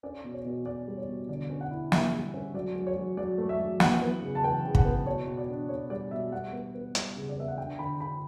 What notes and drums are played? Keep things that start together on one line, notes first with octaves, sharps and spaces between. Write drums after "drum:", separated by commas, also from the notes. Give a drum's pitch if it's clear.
C#4 D5
B2
C#5
B2
B2 D5
G3
C#5
B2
D3 D5
C#4
F#5
E4
G3 E5, drum: snare
G3
C#4
F#3 D5
F#3
C#5
F#3
F#3 D5
A3
E5
F#3
E3 F#5, drum: snare
B3
C#3
A5
E3 G5
C#3
F#5, drum: kick
B3
B2 C#5
B2
D5
D4
B2 C#5
G3 D5
B2 E5
G3 F#5
B3
B3
G3, drum: hi-hat
C#3
D5
B3 E5
F#5
D4 G5
D3 B5
D3 B5